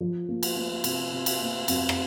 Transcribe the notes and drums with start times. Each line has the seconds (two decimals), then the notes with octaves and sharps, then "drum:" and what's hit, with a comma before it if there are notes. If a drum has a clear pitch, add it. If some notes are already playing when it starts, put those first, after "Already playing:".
0.01 F3
0.29 A#3
0.43 drum: cymbal
0.56 A#3
0.84 C3, drum: cymbal
1.12 C3
1.26 drum: cymbal
1.41 A#3
1.68 F2, drum: cymbal
1.89 drum: rim click